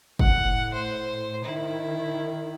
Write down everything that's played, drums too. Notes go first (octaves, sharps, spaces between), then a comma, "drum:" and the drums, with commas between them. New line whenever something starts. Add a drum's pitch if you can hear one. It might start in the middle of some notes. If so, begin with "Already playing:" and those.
A2 F#5, drum: kick
C5
D#3 E4